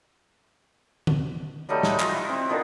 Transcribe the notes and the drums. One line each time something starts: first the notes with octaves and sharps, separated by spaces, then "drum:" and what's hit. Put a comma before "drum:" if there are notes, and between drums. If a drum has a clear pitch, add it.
drum: tom D3
F#3 G3 A3 D#4
G#3, drum: snare
F4 F#4, drum: clap
E4
C4
D3 D#3 F3 B3